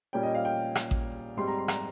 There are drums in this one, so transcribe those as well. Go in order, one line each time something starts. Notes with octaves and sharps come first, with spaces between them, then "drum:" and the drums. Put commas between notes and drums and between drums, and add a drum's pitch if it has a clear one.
A#2 G3 C#4 G5
D#5
F5
G5
drum: rim click
drum: kick A1
G#2 G3 C4 C6
A#5
C6
A#5, drum: rim click